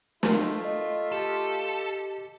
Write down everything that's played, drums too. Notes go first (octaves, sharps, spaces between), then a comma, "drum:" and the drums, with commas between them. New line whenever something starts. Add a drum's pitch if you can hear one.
A3 F4, drum: snare
D#5
G4 A4